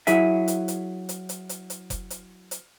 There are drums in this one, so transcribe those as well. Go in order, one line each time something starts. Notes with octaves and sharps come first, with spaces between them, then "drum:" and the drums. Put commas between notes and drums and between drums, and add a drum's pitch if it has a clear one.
F#3 E4 G#4 E5, drum: hi-hat
drum: hi-hat
drum: hi-hat
drum: hi-hat
drum: hi-hat
drum: hi-hat
drum: hi-hat
drum: kick F1, hi-hat
drum: hi-hat
drum: hi-hat